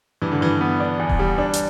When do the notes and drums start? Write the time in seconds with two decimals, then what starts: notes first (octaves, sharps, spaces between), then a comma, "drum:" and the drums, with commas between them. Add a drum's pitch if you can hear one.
0.22 G2 E3
0.32 D3
0.41 G2 E3
0.61 B3
0.80 D4
1.00 E2
1.09 drum: kick D#1
1.19 G3
1.38 D4
1.53 drum: hi-hat